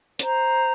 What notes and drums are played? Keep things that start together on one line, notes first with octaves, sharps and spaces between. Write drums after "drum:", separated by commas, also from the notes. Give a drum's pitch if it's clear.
C5 A#5, drum: hi-hat